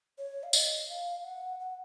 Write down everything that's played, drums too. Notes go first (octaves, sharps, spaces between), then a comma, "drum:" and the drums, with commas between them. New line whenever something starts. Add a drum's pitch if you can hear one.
C#5
F5
D#5, drum: tambourine
F5
F#5
F#5